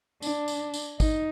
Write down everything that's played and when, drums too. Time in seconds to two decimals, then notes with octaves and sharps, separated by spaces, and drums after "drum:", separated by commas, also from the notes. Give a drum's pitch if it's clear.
0.22 D4, drum: tambourine
0.48 drum: tambourine
0.74 drum: tambourine
1.00 D#4, drum: kick, tambourine